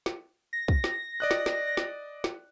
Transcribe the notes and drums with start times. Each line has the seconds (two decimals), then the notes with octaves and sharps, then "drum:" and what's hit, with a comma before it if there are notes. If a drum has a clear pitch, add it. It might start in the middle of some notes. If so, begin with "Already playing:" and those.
0.06 drum: snare
0.53 A#6
0.68 drum: kick
0.84 drum: snare
1.20 D5 D#5 F#6
1.31 drum: snare
1.46 drum: snare
1.77 drum: snare
2.24 drum: snare